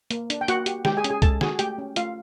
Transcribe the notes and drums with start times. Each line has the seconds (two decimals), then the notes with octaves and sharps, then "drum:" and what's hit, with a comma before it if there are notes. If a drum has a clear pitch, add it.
0.11 A#3, drum: hi-hat
0.30 D4, drum: hi-hat
0.41 G5
0.48 A#3 F#4 F#5, drum: hi-hat
0.66 G4, drum: hi-hat
0.85 G#3 G4 G5, drum: snare
0.97 G#4 G#5
1.04 C#4, drum: hi-hat
1.10 G#4 G#5
1.22 G#3 A4 A5, drum: kick C2, hi-hat
1.41 F#4 G#4 G#5, drum: snare
1.59 A3 G4 G5, drum: hi-hat
1.78 C#4
1.96 A3 F4 F5, drum: hi-hat